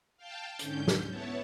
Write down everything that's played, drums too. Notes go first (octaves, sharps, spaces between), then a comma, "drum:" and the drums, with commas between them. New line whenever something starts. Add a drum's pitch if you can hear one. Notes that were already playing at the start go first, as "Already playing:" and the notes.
F5 G5 A5
G#2 D3 C#4 G6, drum: hi-hat
drum: snare
B3 E4 C#5 A5